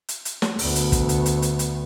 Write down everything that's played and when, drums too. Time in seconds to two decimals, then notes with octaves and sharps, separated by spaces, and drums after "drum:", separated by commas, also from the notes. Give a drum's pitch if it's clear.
0.09 drum: hi-hat
0.25 drum: hi-hat
0.42 drum: snare
0.59 D2 B3, drum: open hi-hat
0.75 drum: hi-hat
0.92 drum: kick, hi-hat
1.09 drum: hi-hat
1.26 drum: hi-hat
1.42 drum: hi-hat
1.59 drum: hi-hat